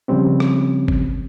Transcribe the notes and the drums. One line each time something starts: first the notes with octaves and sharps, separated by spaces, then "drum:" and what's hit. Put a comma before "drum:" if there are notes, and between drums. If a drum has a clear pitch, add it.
C#3 F3 G3 C4 C#4
drum: rim click
drum: kick